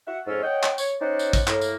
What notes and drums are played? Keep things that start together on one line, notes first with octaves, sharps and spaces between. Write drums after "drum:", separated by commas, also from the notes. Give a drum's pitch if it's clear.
F#4 E5 F#5
F2 G#2 C#4 F4 E6
C#5 D#5 F#5 G5
drum: clap
C#5, drum: tambourine
C#4 D#4 C5 D5 F#5
drum: tambourine
drum: kick, tambourine
A2 A#3, drum: clap
drum: tambourine